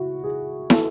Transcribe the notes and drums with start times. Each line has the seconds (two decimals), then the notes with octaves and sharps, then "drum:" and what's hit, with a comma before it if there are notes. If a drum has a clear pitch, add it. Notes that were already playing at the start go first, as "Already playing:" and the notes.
Already playing: C#3 E4 F#4
0.24 G#4
0.70 A4, drum: snare